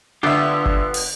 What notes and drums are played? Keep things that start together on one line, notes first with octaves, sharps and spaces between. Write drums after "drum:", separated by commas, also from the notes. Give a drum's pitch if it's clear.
D3 B3 F4 G4 E5
drum: kick F#1
drum: open hi-hat